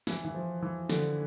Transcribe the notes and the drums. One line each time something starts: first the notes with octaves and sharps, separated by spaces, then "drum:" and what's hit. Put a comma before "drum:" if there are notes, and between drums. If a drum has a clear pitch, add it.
E3, drum: snare
E3
F3
E3
D3, drum: snare